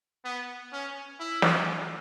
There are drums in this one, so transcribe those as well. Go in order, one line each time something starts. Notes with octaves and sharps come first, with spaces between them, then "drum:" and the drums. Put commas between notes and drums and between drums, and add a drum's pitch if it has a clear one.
B3
C#4
E4
drum: snare